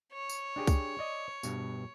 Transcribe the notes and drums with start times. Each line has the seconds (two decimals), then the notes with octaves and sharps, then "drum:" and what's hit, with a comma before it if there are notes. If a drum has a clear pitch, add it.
0.13 C#5
0.29 drum: tambourine
0.56 D4 G4 G#4
0.67 drum: kick C2, tambourine
0.99 D5 D#5
1.43 G2 B2, drum: tambourine